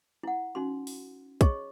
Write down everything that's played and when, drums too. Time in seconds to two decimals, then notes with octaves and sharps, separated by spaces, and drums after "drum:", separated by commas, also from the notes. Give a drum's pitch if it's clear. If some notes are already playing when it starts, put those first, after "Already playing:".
0.23 E4 F#5
0.55 C#4 D#4 F#4 C6
0.87 drum: open hi-hat
1.41 G#4 C#5 D#5 C#6, drum: kick, hi-hat